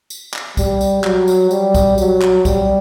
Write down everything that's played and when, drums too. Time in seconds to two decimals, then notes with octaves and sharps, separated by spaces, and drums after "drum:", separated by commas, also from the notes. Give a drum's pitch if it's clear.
0.10 drum: tambourine
0.34 drum: clap
0.57 G3, drum: kick B1, tambourine
0.81 drum: tambourine
1.04 F#3, drum: clap
1.28 drum: tambourine
1.51 G3, drum: tambourine
1.75 drum: kick B1, tambourine
1.98 F#3, drum: tambourine
2.21 drum: clap
2.45 G3, drum: kick B1, tambourine